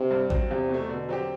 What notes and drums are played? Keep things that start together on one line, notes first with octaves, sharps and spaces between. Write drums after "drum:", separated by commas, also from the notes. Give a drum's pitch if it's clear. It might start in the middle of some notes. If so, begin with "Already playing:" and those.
Already playing: C3
G2
F#3 C4, drum: kick A1
E2 C3
B2
A3
B2 D3
F#3 C4 G4